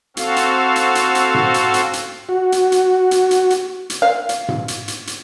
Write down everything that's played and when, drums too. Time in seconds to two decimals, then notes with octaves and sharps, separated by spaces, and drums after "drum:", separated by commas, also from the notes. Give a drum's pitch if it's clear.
0.17 C4 F#4 A4 F5, drum: hi-hat
0.36 drum: hi-hat
0.76 drum: hi-hat
0.95 drum: hi-hat
1.15 drum: hi-hat
1.34 drum: tom G#2
1.54 drum: hi-hat
1.74 drum: hi-hat
1.93 drum: hi-hat
2.29 F#4
2.52 drum: hi-hat
2.72 drum: hi-hat
3.11 drum: hi-hat
3.31 drum: hi-hat
3.50 drum: hi-hat
3.90 drum: hi-hat
4.02 F5
4.29 drum: hi-hat
4.48 drum: tom G#2
4.68 drum: hi-hat
4.88 drum: hi-hat
5.07 drum: hi-hat